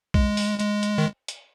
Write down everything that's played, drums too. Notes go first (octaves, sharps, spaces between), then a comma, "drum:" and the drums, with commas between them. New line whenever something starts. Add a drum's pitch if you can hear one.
G#3, drum: kick B1
drum: open hi-hat
G#3, drum: hi-hat
drum: hi-hat
D#3
drum: hi-hat